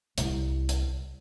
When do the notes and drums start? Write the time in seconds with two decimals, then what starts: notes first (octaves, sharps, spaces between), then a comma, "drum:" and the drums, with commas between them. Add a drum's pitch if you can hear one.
0.18 C2, drum: hi-hat
0.69 drum: hi-hat